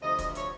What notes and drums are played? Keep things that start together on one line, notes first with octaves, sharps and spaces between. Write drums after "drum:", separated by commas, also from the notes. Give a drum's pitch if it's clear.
D2 C3 F3 D#5
drum: kick, hi-hat
C#5, drum: hi-hat